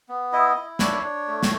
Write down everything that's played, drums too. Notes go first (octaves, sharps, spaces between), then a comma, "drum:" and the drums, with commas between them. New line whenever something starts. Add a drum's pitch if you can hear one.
B3
E4 D#5
E4
D4 C#5, drum: snare
D4
A3
drum: snare